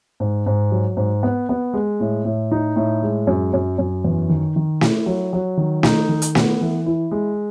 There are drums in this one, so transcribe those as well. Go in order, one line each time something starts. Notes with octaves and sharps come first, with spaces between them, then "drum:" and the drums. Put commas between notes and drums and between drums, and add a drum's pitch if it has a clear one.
G#2
G#2
F#3
G#2
B3
B3
G#3
A2
A2
D#4
A2
G#3
F#2
F#2
F#2
E2
D#3
D#3
E4, drum: snare
F#3
F#3
D#3
D#4, drum: snare
D#3
drum: hi-hat
B3, drum: snare
E3
E4
G#3